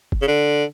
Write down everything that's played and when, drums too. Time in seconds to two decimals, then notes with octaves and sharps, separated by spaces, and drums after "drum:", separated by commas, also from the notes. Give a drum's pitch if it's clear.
0.12 drum: kick F#1
0.22 C#3
0.28 D3